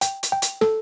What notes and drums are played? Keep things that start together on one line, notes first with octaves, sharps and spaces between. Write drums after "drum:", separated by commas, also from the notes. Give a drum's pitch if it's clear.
G5, drum: hi-hat
drum: hi-hat
G5
drum: hi-hat
A4, drum: snare